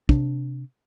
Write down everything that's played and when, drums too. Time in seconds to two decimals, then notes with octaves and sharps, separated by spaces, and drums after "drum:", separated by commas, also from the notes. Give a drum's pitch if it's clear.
0.09 C3 D4, drum: kick